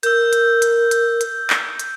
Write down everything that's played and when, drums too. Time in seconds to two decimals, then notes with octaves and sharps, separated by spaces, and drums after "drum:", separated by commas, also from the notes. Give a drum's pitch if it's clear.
0.03 A#4 E6 G6, drum: hi-hat
0.33 drum: hi-hat
0.62 drum: hi-hat
0.91 drum: hi-hat
1.21 drum: hi-hat
1.50 drum: clap
1.79 drum: hi-hat